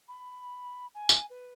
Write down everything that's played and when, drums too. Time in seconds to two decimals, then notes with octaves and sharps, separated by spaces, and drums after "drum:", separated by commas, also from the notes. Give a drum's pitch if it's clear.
0.08 B5
0.95 G#5
1.09 drum: tambourine
1.30 B4